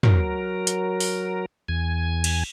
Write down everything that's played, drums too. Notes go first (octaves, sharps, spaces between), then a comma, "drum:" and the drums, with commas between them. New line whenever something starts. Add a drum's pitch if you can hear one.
F#3 A#4, drum: tom
drum: hi-hat
drum: open hi-hat
E2 G#5
drum: cymbal